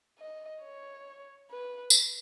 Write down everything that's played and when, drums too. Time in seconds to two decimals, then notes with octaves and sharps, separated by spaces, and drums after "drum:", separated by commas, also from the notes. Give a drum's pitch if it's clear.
0.19 D#5
0.63 C#5
1.50 B4
1.90 drum: tambourine